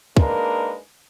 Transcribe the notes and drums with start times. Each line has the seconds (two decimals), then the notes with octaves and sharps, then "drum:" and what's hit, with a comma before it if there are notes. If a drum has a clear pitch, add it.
0.17 G#3 A#3 D4 D#4 A#4 B4, drum: kick